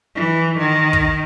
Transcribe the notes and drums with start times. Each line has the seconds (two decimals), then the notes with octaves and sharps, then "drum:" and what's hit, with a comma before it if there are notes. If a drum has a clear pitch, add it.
0.16 E3
0.58 D#3
0.93 drum: kick